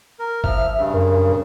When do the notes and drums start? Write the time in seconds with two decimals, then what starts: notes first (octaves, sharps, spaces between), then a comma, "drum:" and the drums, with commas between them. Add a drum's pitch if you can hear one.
0.19 A#4
0.44 F3 E5 F6, drum: kick
0.78 G2 C#3
0.94 F#2 A#4